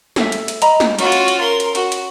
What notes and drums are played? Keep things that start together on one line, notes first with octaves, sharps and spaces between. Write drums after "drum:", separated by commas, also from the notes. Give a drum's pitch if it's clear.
A4 E5, drum: snare
drum: hi-hat
drum: hi-hat
D#5 A#5 B5, drum: hi-hat
drum: snare
C#4 F4 F#4, drum: hi-hat
drum: hi-hat
drum: hi-hat
A#4 C6
drum: hi-hat
F#4, drum: hi-hat
drum: hi-hat